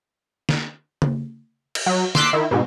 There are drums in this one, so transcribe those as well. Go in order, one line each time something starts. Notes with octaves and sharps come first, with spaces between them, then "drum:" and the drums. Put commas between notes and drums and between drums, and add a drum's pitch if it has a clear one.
drum: snare
drum: tom C#3
drum: cymbal
F#3
C6 D6 E6 F#6 B6 C7, drum: snare
D#3 E4
G#2 B2